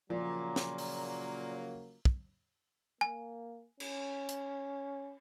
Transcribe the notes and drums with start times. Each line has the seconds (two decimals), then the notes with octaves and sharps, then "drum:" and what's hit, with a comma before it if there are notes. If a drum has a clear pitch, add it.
0.10 A#2 C#3 F3 F#3 A#3
0.56 drum: snare
0.78 drum: open hi-hat
2.05 drum: kick
3.01 A#3 G#5
3.80 C#4, drum: cymbal
4.29 drum: hi-hat